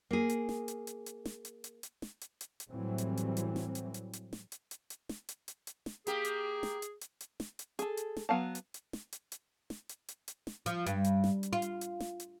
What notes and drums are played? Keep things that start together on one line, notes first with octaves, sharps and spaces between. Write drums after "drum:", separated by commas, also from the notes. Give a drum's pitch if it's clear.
A#3 G#4
drum: hi-hat
drum: snare
drum: hi-hat
drum: hi-hat
drum: hi-hat
drum: snare
drum: hi-hat
drum: hi-hat
drum: hi-hat
drum: snare
drum: hi-hat
drum: hi-hat
drum: hi-hat
A2 E3 F#3 G3 C4
drum: hi-hat
drum: hi-hat
drum: hi-hat
drum: snare
drum: hi-hat
drum: hi-hat
drum: hi-hat
drum: snare
drum: hi-hat
drum: hi-hat
drum: hi-hat
drum: snare
drum: hi-hat
drum: hi-hat
drum: hi-hat
drum: snare
A#3 G4 G#4, drum: hi-hat
drum: hi-hat
drum: snare
drum: hi-hat
drum: hi-hat
drum: hi-hat
drum: snare
drum: hi-hat
G#4 A4, drum: hi-hat
drum: hi-hat
drum: snare
F#3 B3 F5 A5
drum: hi-hat
drum: hi-hat
drum: snare
drum: hi-hat
drum: hi-hat
drum: snare
drum: hi-hat
drum: hi-hat
drum: hi-hat
drum: snare
F3, drum: hi-hat
G2, drum: hi-hat
drum: hi-hat
drum: snare
drum: hi-hat
F4
drum: hi-hat
drum: hi-hat
drum: snare
drum: hi-hat